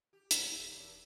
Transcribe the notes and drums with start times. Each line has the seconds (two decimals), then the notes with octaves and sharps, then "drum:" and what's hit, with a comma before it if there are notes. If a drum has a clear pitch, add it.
0.13 G4
0.31 D#2 A2, drum: hi-hat
0.56 E1 E2
0.71 F#2